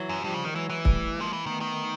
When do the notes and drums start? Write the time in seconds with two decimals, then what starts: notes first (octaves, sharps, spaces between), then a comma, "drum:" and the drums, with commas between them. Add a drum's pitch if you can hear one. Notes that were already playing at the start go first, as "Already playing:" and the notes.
Already playing: E3 F#3
0.09 F#2
0.24 G2 F3 G3
0.34 C#3
0.44 D#3
0.55 E3 F#3 G#3
0.70 E3
0.85 G3 A3, drum: kick
1.15 G#3 A#3
1.21 F3
1.33 E3
1.46 D#3 A3 B3
1.61 D#3